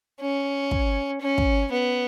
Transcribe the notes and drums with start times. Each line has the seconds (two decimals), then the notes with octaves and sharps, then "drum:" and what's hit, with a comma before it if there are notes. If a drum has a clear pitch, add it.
0.21 C#4
0.71 drum: kick
1.21 C#4
1.38 drum: kick
1.71 B3